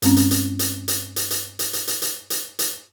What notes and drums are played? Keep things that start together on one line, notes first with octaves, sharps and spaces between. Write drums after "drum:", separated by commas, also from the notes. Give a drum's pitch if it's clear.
G2 G#3 C4 C#4, drum: hi-hat
drum: hi-hat
drum: hi-hat
drum: hi-hat
drum: hi-hat
drum: hi-hat
drum: hi-hat
drum: hi-hat
drum: hi-hat
drum: hi-hat
drum: hi-hat
drum: hi-hat
drum: hi-hat